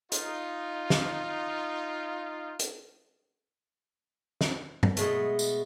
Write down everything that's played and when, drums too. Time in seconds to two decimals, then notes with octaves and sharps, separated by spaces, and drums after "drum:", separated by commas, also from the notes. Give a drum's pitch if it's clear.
0.12 D#4 F4, drum: hi-hat
0.90 drum: snare
2.59 drum: hi-hat
4.41 drum: snare
4.83 drum: tom
4.97 B2 G#3 A3, drum: hi-hat
5.39 drum: tambourine